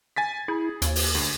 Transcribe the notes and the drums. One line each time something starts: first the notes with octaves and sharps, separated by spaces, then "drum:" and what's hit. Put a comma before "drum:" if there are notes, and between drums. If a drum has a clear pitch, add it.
G#5 A6 B6
E4 G#4
D#2, drum: hi-hat
drum: open hi-hat
D2